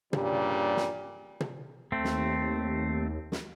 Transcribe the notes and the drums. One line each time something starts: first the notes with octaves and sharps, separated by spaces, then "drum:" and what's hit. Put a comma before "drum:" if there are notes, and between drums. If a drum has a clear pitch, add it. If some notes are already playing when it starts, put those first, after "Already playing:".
G2 A#2 C#3 G3, drum: tom
drum: snare
drum: tom
D#2 A3 C4
drum: snare
drum: snare